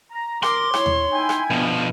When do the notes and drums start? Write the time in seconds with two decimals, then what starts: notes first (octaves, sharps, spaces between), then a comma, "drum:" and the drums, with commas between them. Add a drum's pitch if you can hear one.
0.11 A#5
0.43 A#4 C6 D6, drum: rim click
0.74 E4 C#5, drum: rim click
0.86 drum: tom D#2
1.13 D#4 E4 G5 G#5
1.29 drum: rim click
1.50 B2 F3 B3 D4